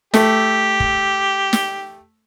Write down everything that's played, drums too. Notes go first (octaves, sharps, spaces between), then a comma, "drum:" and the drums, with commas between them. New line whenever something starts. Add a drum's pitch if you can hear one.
A3 G4 A4, drum: snare
drum: kick
drum: snare